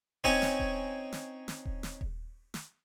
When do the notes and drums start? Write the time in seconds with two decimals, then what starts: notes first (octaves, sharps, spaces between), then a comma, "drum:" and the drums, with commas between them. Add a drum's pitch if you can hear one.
0.24 C4 C#4 D#4 C#5 G#5, drum: kick D#1
0.42 drum: snare
0.59 drum: kick D#1
1.12 drum: snare
1.48 drum: snare
1.65 drum: kick D#1
1.83 drum: snare
2.01 drum: kick D#1
2.54 drum: snare